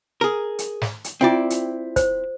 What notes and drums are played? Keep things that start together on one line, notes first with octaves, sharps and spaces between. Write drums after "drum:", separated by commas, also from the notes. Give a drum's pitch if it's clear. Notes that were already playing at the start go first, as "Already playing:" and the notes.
G#4 A#4
drum: hi-hat
drum: snare
drum: hi-hat
C4 E4 F4 D5 G5
drum: hi-hat
C5, drum: kick, hi-hat